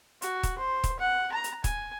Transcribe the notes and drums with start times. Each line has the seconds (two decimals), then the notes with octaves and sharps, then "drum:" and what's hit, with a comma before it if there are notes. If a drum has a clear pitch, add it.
0.22 F#4, drum: hi-hat
0.43 drum: kick, hi-hat
0.58 C5
0.84 drum: kick, hi-hat
1.00 F#5
1.32 A#5
1.44 drum: hi-hat
1.64 G#5, drum: kick, hi-hat